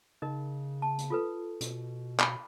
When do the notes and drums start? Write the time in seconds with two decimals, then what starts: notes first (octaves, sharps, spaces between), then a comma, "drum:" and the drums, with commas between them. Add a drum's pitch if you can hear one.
0.22 C#3 D#4 A#4 D#5
0.82 A5
0.98 drum: hi-hat
1.10 F4 A4 B4
1.61 B2, drum: hi-hat
2.20 B5, drum: clap